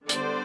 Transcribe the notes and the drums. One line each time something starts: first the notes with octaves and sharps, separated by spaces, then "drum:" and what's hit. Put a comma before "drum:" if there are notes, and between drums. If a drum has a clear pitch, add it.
D3 G3 B3 D4 C5 D5, drum: hi-hat